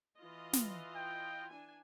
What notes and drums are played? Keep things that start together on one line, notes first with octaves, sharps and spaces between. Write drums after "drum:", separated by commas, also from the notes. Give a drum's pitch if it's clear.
E3 F4 D#5
drum: snare
G5
D4 G#5